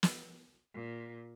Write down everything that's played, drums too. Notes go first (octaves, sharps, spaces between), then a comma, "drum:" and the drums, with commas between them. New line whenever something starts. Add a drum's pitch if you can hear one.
drum: snare
A#2